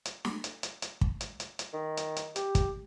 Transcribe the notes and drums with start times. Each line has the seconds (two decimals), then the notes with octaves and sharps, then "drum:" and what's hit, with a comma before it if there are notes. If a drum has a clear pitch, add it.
0.05 drum: hi-hat
0.25 drum: snare
0.44 drum: hi-hat
0.63 drum: hi-hat
0.82 drum: hi-hat
1.01 drum: kick
1.21 drum: hi-hat
1.40 drum: hi-hat
1.59 drum: hi-hat
1.73 D#3
1.97 drum: hi-hat
2.16 drum: hi-hat
2.36 G4, drum: hi-hat
2.55 drum: kick, hi-hat